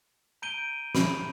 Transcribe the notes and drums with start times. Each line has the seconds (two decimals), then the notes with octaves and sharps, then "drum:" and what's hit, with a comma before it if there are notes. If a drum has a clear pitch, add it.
0.42 A#5 G6 D7 D#7 G7
0.95 B5, drum: snare